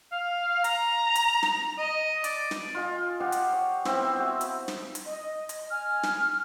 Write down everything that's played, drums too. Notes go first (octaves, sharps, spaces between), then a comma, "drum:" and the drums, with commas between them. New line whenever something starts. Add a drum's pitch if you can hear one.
F5
A#5, drum: hi-hat
drum: hi-hat
drum: snare
D#5
D5, drum: hi-hat
drum: snare
F4 D#5 G#5
G4 F5 F#5
drum: hi-hat
C#5
B3 C4 E4 F5, drum: snare
F#4 E5 G#5
drum: hi-hat
drum: snare
drum: hi-hat
D#5
drum: hi-hat
G#5 F6
drum: snare